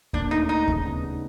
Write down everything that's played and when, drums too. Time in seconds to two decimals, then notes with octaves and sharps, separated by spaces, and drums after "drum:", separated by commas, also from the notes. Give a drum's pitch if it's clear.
0.13 A#2 D4, drum: kick D#2
0.31 A3 D#4
0.49 D4 D#4
0.68 C#3, drum: kick D#2
0.85 B3
1.03 D#4